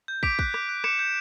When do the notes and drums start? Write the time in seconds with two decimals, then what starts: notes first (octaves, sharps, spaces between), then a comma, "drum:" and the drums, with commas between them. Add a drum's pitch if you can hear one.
0.08 G6
0.23 D6 B6 D7, drum: kick
0.39 F#6, drum: kick
0.54 D6, drum: rim click
0.69 F#6
0.84 D6 C#7 E7, drum: rim click
0.99 G6